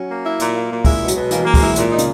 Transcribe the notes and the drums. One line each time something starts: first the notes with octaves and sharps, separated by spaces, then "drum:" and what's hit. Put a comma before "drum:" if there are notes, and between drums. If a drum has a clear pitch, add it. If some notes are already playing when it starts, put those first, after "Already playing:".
Already playing: F#3 C#4
A#3
E4
A#2, drum: hi-hat
A#3
A#2
G#3 E4, drum: kick C#2, open hi-hat
B2
F#3, drum: hi-hat
B2
E3 A#3, drum: hi-hat
F#3
A#3
G#3, drum: kick C#2, open hi-hat
F#3 E4
A#2 G#3, drum: hi-hat
D#4
C#3, drum: hi-hat